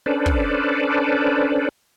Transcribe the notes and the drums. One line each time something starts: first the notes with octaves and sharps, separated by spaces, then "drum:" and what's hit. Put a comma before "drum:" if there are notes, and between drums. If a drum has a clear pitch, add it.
C#4 D4 A4 B4 C5 D5
drum: kick